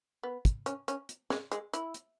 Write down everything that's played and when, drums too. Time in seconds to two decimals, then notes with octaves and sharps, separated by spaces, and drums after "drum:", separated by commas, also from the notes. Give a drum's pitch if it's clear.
0.23 B3
0.45 drum: kick, hi-hat
0.66 C#4, drum: hi-hat
0.88 C#4, drum: hi-hat
1.09 drum: hi-hat
1.30 G#3, drum: snare
1.52 G#3, drum: hi-hat
1.73 E4, drum: hi-hat
1.94 drum: hi-hat